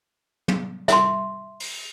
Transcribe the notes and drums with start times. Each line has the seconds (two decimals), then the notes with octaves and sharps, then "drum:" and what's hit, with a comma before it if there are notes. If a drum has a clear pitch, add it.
0.48 drum: tom
0.88 E5 C6, drum: snare
1.60 drum: open hi-hat